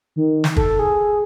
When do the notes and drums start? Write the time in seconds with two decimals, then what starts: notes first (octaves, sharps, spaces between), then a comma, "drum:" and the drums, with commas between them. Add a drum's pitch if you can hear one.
0.16 D#3
0.44 drum: snare
0.57 A4, drum: kick
0.79 G#4